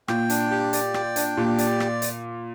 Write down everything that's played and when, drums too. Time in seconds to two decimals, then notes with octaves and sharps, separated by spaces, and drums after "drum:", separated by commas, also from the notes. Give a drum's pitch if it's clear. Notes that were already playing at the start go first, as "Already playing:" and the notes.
0.08 A#2 G5, drum: rim click
0.30 D4, drum: hi-hat
0.51 G4
0.73 D5, drum: hi-hat
0.94 G5, drum: rim click
1.16 D4, drum: hi-hat
1.37 A#2 G4
1.58 D5, drum: hi-hat
1.80 drum: rim click
2.02 drum: hi-hat